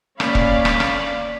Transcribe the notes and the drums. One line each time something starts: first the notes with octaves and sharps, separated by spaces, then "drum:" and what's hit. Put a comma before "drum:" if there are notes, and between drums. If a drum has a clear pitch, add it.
A#3 C#4 C#5 D5 F5 B5, drum: rim click
drum: kick E1
drum: rim click
drum: rim click